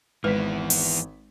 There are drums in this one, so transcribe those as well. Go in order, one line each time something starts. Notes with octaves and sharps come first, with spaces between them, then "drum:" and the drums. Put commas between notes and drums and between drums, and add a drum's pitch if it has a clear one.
G#1 E3 G#3 B3 B4 B6
drum: open hi-hat